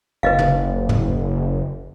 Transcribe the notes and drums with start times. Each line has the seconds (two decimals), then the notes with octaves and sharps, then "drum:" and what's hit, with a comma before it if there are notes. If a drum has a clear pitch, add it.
0.23 F#1 B4 D#5 F5
0.39 drum: tom
0.89 drum: tom